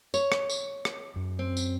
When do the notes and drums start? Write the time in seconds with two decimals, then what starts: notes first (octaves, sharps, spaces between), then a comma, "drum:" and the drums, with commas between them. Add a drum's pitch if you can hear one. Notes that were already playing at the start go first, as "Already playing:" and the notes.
0.14 C#5, drum: tambourine
0.32 drum: rim click
0.49 drum: tambourine
0.85 drum: rim click
1.16 F#2
1.39 C4
1.57 drum: tambourine